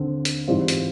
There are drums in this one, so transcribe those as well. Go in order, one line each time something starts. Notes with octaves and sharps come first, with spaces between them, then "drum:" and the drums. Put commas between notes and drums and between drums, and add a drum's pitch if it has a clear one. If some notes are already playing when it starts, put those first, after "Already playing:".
Already playing: D#2 D3 C4
drum: hi-hat
G#2 E3 G3 C4 F4
drum: hi-hat